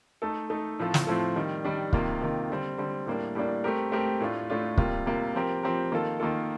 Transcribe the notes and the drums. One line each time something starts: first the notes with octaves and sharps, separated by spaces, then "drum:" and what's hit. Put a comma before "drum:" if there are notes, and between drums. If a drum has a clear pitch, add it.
A3 D#4 A4
A3 D#4 A4
A2 F3 C4 F4 A4
drum: snare
A2 F3 C4 F4 A4
D#3 G3 D4
D#3 G3 D4
C3 D#3 A#3 F4, drum: kick
C3 D#3 A#3 F4
D3 G3 C4
D3 G3 C4
A2 G3 A#3 D4
A2 G3 A#3 D4
A3 C4 G4 A#4
A3 C4 G4 A#4
A2 A3 D4 F4
A2 A3 D4 F4
C3 G3 A#3 F4, drum: kick
C3 G3 A#3 F4
F3 C4 G4 A#4
F3 C4 G4 A#4
D#3 A#3 F4 A4
D#3 A#3 F4 A4